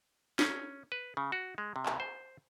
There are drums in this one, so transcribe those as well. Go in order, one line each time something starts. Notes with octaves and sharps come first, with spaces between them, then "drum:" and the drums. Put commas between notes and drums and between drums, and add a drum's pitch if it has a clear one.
C#4, drum: snare
B4
C#3
F#4
G#3
C3
drum: clap
C5